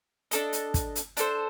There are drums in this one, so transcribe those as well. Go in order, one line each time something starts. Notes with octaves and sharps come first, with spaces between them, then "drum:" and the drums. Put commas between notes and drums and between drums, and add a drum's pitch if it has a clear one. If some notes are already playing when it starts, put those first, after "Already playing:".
D4 A4 D#5, drum: hi-hat
drum: hi-hat
drum: kick, hi-hat
drum: hi-hat
D4 A4 C5, drum: hi-hat